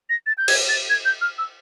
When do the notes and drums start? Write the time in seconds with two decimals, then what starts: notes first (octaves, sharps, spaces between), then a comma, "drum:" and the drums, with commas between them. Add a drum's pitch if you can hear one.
0.10 A#6
0.27 A6
0.38 G6
0.48 G#6, drum: cymbal
0.69 A6
0.90 G#6
1.05 G6
1.21 F6
1.38 E6